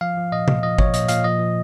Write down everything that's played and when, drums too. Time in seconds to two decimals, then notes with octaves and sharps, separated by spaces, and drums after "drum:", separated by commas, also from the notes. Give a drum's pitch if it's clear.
0.01 F3 F5
0.17 F3
0.32 A#2 D#5
0.48 A#2, drum: tom C3
0.63 F3 D#5
0.79 F3 C#5, drum: kick G1
0.94 A#2 D#5, drum: hi-hat
1.08 A#2 F5, drum: hi-hat
1.24 F3 D#5
1.39 F3